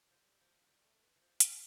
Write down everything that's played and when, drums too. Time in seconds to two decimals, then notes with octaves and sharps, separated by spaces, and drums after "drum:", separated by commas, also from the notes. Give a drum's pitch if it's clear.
0.11 F3
0.16 G3
0.41 F3
0.66 G3
0.84 A3
1.03 E3
1.16 E3
1.22 F3
1.40 E4, drum: hi-hat